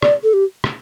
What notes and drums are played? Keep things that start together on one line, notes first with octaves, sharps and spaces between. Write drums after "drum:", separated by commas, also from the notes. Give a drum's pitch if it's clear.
D5, drum: rim click
A4
G4
drum: rim click